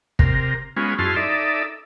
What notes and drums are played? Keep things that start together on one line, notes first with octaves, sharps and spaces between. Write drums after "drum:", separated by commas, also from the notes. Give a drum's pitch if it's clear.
C3 A#4, drum: kick
G#3 B3 C#4 F4
F#2 E4 G#4 A5 C6 F6
D#4 A4 D5 E5